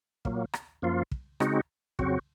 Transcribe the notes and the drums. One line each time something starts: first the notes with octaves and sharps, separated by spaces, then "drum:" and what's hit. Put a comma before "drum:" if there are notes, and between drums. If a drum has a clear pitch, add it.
A#2 F#3 A#3, drum: kick
drum: rim click
F#2 F3 A#3 F4
drum: kick
C#3 G#3 C4 D#4 F#4, drum: rim click
F2 C#3 F#3 C4 F#4, drum: kick